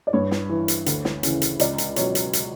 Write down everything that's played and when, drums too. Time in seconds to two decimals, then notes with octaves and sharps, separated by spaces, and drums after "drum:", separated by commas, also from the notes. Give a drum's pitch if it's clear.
0.07 D5
0.13 G2 C#5
0.31 drum: snare
0.49 E3
0.68 drum: hi-hat
0.86 D2, drum: hi-hat
1.05 drum: snare
1.23 C#3 E3, drum: hi-hat
1.42 drum: hi-hat
1.59 C#2 D5, drum: hi-hat
1.78 drum: hi-hat
1.96 B2 F#3 C#5, drum: hi-hat
2.15 drum: hi-hat
2.33 drum: hi-hat